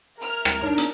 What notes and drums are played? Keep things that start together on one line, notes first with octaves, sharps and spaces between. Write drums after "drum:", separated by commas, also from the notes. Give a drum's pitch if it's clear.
A#4 E5 F6 G#6
drum: rim click
D#3 D4 D#4 C#5 A#5
drum: hi-hat